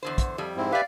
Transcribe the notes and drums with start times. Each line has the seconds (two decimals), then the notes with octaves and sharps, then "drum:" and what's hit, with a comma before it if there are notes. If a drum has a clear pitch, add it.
0.03 E2 D3 C5
0.18 drum: kick, hi-hat
0.38 F2 G3
0.57 G#2 C4 E4
0.72 G4 B4 D5 E5 F5